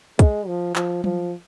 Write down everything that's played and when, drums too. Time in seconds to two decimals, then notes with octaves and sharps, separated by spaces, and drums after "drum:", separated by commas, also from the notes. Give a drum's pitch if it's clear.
0.19 G#3, drum: kick, hi-hat
0.48 F3
0.76 F3, drum: clap
1.04 F3, drum: tom F#3